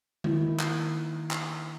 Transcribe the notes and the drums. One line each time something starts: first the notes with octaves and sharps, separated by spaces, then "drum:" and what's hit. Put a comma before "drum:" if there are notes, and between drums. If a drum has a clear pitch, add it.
D#3 A#3 E4, drum: tom G#3
drum: clap
drum: clap